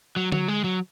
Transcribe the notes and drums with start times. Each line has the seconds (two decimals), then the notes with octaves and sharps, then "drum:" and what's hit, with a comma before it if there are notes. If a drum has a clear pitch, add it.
0.16 F#3
0.32 F#3, drum: tom D3
0.48 G#3
0.64 F#3